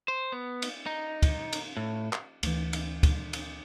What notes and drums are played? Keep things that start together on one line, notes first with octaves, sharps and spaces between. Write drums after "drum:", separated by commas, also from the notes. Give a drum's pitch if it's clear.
C5
B3
drum: cymbal
D#4
drum: kick, cymbal
drum: cymbal
A2
drum: clap
D2 E3, drum: cymbal
drum: cymbal
drum: kick, cymbal
drum: cymbal